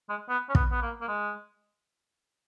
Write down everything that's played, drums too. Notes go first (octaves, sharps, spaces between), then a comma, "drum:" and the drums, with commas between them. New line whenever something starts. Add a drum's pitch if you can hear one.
G#3
B3
C#4
B3, drum: kick
B3
A#3
A#3
G#3